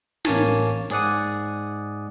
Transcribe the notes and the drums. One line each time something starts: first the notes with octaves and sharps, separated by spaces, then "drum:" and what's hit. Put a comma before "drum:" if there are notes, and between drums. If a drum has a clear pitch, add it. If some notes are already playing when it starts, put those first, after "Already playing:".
A1 A#3 C#5 G#5 A5, drum: snare
G#2 G#4 D5 F#5 D#6, drum: hi-hat